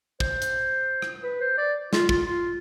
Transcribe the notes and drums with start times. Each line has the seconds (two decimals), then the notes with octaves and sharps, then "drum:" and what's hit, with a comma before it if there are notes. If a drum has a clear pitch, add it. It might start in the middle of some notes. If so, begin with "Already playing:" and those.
0.20 C5, drum: kick
0.42 drum: hi-hat
1.02 drum: rim click
1.23 B4
1.41 C5
1.58 D5
1.93 F4, drum: snare
2.09 F4, drum: kick
2.26 F4